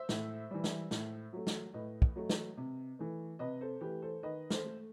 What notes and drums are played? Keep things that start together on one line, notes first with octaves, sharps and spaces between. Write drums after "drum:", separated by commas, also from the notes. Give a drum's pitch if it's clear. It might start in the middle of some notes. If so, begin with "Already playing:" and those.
Already playing: C5 E5
A2, drum: snare
E3 G3
drum: snare
A2, drum: snare
F#3 A3
drum: snare
A2 B4 D#5
drum: kick
F#3 A3
drum: snare
C3
E3 A3
C3 B4 D#5
A4 C5
E3 A3 G4 B4
A4 C5
D#3 B4 D#5
A4 C5, drum: snare
A3